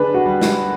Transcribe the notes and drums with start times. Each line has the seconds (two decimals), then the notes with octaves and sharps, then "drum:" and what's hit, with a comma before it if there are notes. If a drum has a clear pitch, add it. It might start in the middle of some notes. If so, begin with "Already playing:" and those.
Already playing: D3 A#3 D4 G#4 B4
0.14 F#4
0.26 G3
0.41 drum: snare